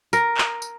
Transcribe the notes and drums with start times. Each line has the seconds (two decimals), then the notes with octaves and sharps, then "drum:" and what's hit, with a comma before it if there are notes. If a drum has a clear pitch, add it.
0.13 A#4, drum: tambourine
0.37 drum: clap
0.62 drum: tambourine